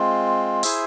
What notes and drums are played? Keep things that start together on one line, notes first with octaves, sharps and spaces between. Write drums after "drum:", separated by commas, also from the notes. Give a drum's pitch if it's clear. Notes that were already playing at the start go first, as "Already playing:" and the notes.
Already playing: G#3 C4 F4
E4 G#4 C5 E5, drum: open hi-hat